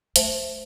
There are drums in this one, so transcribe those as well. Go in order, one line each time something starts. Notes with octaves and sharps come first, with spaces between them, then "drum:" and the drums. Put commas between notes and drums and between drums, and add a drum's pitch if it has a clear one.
A3 C5 E5 A5, drum: hi-hat